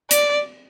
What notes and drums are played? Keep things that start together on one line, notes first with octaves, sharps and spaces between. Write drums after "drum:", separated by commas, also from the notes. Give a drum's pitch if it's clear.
D5, drum: hi-hat